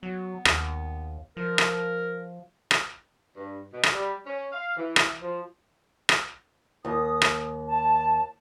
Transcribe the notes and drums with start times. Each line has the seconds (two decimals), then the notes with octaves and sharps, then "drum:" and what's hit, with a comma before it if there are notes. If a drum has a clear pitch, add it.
0.03 F#3 B3
0.45 D#2, drum: rim click
1.37 F3 A#4
1.58 drum: rim click
2.71 drum: rim click
3.36 G2
3.72 B2
3.83 drum: rim click
3.94 G3
4.26 C#4
4.52 F5
4.77 E3
4.96 drum: rim click
5.22 F3
6.09 drum: rim click
6.85 D#2 D#6
7.22 drum: rim click
7.68 A5